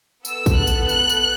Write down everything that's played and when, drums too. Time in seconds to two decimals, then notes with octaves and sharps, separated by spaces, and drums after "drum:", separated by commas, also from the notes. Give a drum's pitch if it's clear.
0.25 B3 A4 E6, drum: tambourine
0.46 drum: kick, tambourine
0.56 F#6
0.67 drum: tambourine
0.89 F#6, drum: tambourine
1.09 drum: tambourine